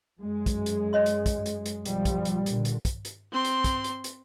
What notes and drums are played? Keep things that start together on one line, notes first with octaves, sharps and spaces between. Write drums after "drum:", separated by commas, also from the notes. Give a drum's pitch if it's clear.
F#2 G#3
drum: kick, hi-hat
drum: hi-hat
C#5 D#5 C6
drum: hi-hat
drum: kick, hi-hat
drum: hi-hat
drum: hi-hat
B1 F3 G3, drum: hi-hat
drum: kick, hi-hat
drum: hi-hat
A#2 D3, drum: hi-hat
drum: hi-hat
drum: kick, hi-hat
drum: hi-hat
C4 C6
drum: hi-hat
drum: kick, hi-hat
drum: hi-hat
drum: hi-hat